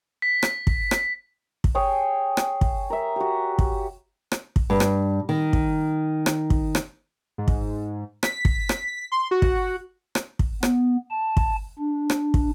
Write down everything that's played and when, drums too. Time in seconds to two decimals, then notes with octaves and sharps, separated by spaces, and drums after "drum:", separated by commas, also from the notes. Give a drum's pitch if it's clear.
0.22 B6
0.42 drum: rim click
0.67 drum: kick
0.91 drum: rim click
1.64 drum: kick
1.75 G#4 C#5 G5 G#5
2.37 drum: rim click
2.61 drum: kick
2.90 A#4 E5
3.16 F#4 G4
3.59 drum: kick
4.32 drum: rim click
4.56 drum: kick
4.70 G2
4.80 drum: rim click
5.29 D#3
5.53 drum: kick
6.26 drum: rim click
6.50 drum: kick
6.75 drum: rim click
7.38 G#2
7.48 drum: kick
8.23 B6, drum: rim click
8.45 drum: kick
8.69 drum: rim click
9.12 C6
9.31 F#4
9.42 drum: kick
10.15 drum: rim click
10.39 drum: kick
10.63 B3, drum: rim click
11.11 A5
11.37 drum: kick
11.79 D4
12.10 drum: rim click
12.34 drum: kick